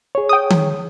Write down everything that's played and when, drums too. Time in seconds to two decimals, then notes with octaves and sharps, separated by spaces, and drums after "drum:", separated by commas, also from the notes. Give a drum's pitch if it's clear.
0.15 G#4 C#5
0.29 G5 D#6
0.50 drum: tom D#3